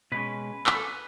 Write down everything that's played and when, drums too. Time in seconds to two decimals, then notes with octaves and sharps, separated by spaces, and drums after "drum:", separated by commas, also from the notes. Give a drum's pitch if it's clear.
0.12 B2 G#3 C#4 B4
0.67 B4, drum: clap
0.75 A4
0.84 B4